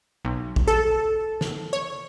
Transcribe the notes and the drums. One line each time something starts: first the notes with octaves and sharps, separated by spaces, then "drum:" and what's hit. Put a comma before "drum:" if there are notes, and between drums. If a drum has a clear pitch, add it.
B1
drum: kick
A4
drum: snare
C#5